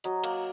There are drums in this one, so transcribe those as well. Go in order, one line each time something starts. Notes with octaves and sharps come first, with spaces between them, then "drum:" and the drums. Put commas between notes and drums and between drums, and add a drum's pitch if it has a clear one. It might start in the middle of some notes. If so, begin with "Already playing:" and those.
F#3 D#5, drum: hi-hat
A#3, drum: cymbal